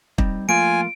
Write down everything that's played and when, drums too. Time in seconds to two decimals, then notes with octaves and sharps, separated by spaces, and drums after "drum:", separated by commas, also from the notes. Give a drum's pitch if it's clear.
0.18 G3 C4 D#4, drum: kick
0.49 F3 A3 A#3 F4 G#5 D7